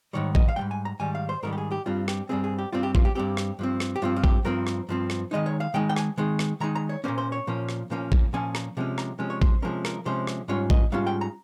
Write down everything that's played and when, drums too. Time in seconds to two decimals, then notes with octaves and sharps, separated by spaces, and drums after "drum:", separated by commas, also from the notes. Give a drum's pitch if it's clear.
0.13 G#2 D#3 G3 C#5
0.35 D#5, drum: kick A1
0.48 F5
0.56 G#2 D#3 G3 G5
0.71 G#5
0.85 A#5
1.00 G#2 D#3 G3 G#5
1.15 F5
1.29 C5
1.43 G#2 D#3 G3 A#4
1.52 G4
1.58 G#4
1.71 G4
1.86 G2 G3 C4 F4
2.08 G4, drum: rim click
2.29 G2 G3 C4 G#4
2.44 G#4
2.58 G4
2.72 G2 G3 C4 F4
2.83 G4
2.95 F4, drum: kick A1
3.05 G4
3.15 G2 G3 C4 G4
3.37 drum: rim click
3.59 G2 F3 C4
3.80 drum: rim click
3.96 G4
4.02 G2 F3 C4 F4
4.16 F4
4.24 G4, drum: kick A1
4.45 G2 F3 C4 A#4
4.67 drum: rim click
4.89 G2 F3 C4
5.10 drum: rim click
5.31 D#3 G#3 D#4 D#5
5.46 C#5
5.60 F5
5.74 D#3 G#3 D#4 G5
5.89 G5
5.96 G#5, drum: rim click
6.18 D#3 G#3 D#4
6.39 drum: rim click
6.60 D#3 G#3 D#4 A#5
6.75 A#5
6.89 C#5
7.04 A#2 F3 A#3 C#4 C5
7.18 C5
7.32 C#5
7.47 A#2 F3 A#3 C#4
7.69 drum: rim click
7.90 A#2 F3 A#3 C#4
8.12 drum: kick A1
8.33 A#2 F3 A#3 C#4 G#5
8.55 A#5, drum: rim click
8.77 C3 F3 G#3 C#4
8.98 A#5, drum: rim click
9.19 C3 F3 G#3 C#4
9.30 C#5
9.42 C5, drum: kick A1
9.62 C3 F3 G#3 C#4 A#4
9.85 A#4, drum: rim click
10.06 C3 F3 G#3 C#4 C5
10.27 drum: rim click
10.48 G#2 G3 C#4 F4 C#5
10.70 D#5, drum: kick A1
10.92 G#2 G3 C#4 F4 F5
11.07 G5
11.21 A#5